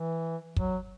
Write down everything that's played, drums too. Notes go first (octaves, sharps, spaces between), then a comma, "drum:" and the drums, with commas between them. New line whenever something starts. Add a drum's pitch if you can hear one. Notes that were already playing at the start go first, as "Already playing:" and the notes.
Already playing: E3
F#3, drum: kick